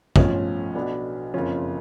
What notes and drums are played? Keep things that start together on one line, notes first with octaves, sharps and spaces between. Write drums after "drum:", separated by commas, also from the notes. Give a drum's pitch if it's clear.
B1 A2 F3 C#4 F4, drum: kick
B1 B2 B3 D4
F#1 F2 C#3 F3 C#4 F4